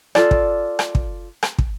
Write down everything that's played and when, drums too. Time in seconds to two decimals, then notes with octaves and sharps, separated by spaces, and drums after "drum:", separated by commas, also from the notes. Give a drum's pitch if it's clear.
0.15 F4 A4 D5, drum: rim click
0.31 drum: kick
0.79 drum: rim click
0.95 drum: kick
1.43 drum: rim click
1.58 drum: kick